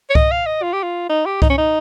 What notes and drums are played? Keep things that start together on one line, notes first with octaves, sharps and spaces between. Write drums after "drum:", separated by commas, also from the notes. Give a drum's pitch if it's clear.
C#5
D#5, drum: kick C2
F5
D#5
F4
G4
F4
D#4
G4
D#4, drum: kick C2
C#4
D#4